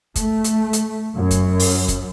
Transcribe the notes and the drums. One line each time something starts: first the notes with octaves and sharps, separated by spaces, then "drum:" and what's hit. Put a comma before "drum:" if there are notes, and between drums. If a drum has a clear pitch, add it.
A3, drum: kick, hi-hat
drum: hi-hat
drum: hi-hat
F#2
drum: kick, hi-hat
drum: open hi-hat
drum: kick, hi-hat